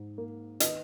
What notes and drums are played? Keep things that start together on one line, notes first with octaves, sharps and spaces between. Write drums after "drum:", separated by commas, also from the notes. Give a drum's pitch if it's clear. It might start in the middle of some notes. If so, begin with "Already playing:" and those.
Already playing: G#2
A#3
D#3 B4 D#5, drum: hi-hat